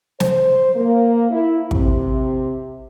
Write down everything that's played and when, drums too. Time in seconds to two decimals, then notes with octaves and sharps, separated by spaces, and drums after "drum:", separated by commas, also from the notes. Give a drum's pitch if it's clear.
0.20 C5, drum: snare
0.75 A#3
1.31 E4
1.71 C3, drum: kick